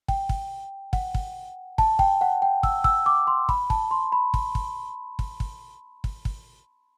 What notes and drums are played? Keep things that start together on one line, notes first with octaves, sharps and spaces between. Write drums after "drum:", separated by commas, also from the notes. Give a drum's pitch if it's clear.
G5, drum: kick
drum: kick
F#5, drum: kick
drum: kick
A5, drum: kick
G5, drum: kick
F#5
G5
E6, drum: kick
E6, drum: kick
D6
C6
B5, drum: kick
A5, drum: kick
C6
B5
drum: kick
drum: kick
drum: kick
drum: kick
drum: kick
drum: kick